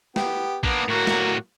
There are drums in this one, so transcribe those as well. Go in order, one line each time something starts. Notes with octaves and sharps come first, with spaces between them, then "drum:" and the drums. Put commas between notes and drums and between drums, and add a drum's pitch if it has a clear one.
B3 G4 G5, drum: snare
A#3 B3 D4, drum: kick A#1
A2 F#3 A#3 F#4
drum: snare